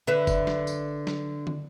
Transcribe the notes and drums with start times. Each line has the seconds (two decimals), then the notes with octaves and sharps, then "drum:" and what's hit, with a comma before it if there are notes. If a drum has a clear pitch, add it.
0.07 D3 B4 E5
0.27 drum: kick, tambourine
0.47 drum: snare
0.67 drum: tambourine
1.07 drum: snare
1.47 drum: tom